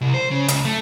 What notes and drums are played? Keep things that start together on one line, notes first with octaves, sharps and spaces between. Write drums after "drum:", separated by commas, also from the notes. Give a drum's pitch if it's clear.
C2
C5
C#3
C#2, drum: hi-hat
A3